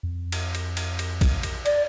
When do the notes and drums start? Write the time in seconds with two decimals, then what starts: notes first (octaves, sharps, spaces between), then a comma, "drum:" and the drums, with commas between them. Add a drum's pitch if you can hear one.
0.03 F2
0.32 drum: cymbal
0.55 drum: cymbal
0.77 drum: cymbal
0.99 drum: cymbal
1.21 drum: kick, cymbal
1.43 drum: cymbal
1.66 D5, drum: cymbal